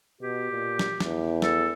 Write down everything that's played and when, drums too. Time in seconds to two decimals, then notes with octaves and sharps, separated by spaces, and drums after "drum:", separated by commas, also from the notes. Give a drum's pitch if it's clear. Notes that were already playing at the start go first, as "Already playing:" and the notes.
0.22 B2 G4
0.51 A#2
0.79 drum: snare
1.00 E2, drum: snare
1.42 A4, drum: snare